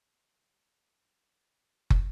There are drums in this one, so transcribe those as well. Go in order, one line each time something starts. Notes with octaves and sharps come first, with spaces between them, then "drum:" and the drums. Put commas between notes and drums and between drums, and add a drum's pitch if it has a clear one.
G3 D#4
D3
G3
A2
drum: kick